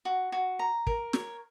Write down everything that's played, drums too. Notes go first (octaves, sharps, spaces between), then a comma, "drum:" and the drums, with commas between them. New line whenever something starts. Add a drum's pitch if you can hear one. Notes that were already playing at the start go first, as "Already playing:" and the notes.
F#4
F#4
A#5
A#4, drum: kick
C#5, drum: snare